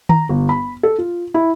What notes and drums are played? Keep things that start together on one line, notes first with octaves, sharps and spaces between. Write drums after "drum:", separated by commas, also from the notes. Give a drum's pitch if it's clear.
A#5, drum: tom D#3
G1
B5
A4
F4
E4